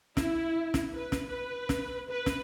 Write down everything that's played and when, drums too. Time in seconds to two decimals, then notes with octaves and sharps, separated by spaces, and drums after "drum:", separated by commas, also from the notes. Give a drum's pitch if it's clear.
0.17 E4, drum: snare
0.74 drum: snare
0.94 B4
1.12 drum: snare
1.27 B4
1.69 drum: snare
2.09 B4
2.26 drum: snare